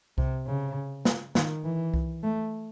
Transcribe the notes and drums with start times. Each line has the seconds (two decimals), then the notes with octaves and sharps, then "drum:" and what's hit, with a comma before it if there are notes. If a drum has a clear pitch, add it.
0.18 C3, drum: kick C2
0.47 C#3
1.05 drum: snare
1.35 D#3, drum: snare
1.64 E3
1.94 drum: kick C2
2.23 A3